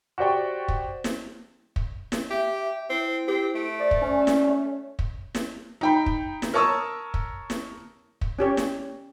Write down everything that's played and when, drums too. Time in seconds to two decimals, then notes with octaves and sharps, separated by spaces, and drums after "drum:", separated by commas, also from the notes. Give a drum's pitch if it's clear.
0.18 F#4 G4 C5 D5 G5 C#6
0.68 drum: kick
1.04 drum: snare
1.76 drum: kick
2.12 drum: snare
2.30 G4 E5
2.90 C4 E4
3.28 C4 G4
3.55 A3 D7
3.80 C5 D5
3.91 drum: kick
4.02 C#4 D5
4.27 drum: snare
4.99 drum: kick
5.35 drum: snare
5.81 D#4 G5 B5
6.06 drum: kick
6.42 drum: snare
6.54 A#4 C#5 A5 C#6 D#6 E6
7.14 drum: kick
7.50 drum: snare
8.21 drum: kick
8.39 C#4 G4 C#5
8.57 drum: snare